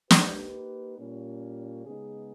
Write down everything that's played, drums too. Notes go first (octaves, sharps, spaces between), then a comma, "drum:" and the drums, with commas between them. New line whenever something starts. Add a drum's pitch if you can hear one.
A#3 D#4 G4 B4, drum: snare
A#2 G3 A#3 C#4
C#3 G#3 B3 D#4 G#4